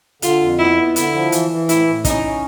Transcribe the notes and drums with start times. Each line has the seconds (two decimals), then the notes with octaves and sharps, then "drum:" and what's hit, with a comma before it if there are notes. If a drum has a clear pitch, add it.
0.22 D3 F4, drum: hi-hat
0.41 F2
0.59 B3 E4
0.77 B3
0.96 D3 E4, drum: hi-hat
1.14 F3
1.32 E3, drum: hi-hat
1.51 E3
1.69 A2 E4, drum: hi-hat
1.87 A2
2.05 C#4 D#4, drum: kick, hi-hat
2.23 C#4